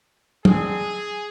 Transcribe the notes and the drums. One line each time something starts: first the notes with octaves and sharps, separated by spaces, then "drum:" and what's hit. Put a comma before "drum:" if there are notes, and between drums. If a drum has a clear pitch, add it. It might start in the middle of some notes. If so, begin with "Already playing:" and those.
D3 G#3 C4 G#4, drum: tom